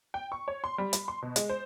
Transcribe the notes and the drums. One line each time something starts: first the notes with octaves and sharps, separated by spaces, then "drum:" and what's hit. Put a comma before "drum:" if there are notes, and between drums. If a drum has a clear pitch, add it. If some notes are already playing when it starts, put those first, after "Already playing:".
G5
C#6
C#5
C6
G3
B5, drum: hi-hat
C6
B2
G#3, drum: hi-hat
C5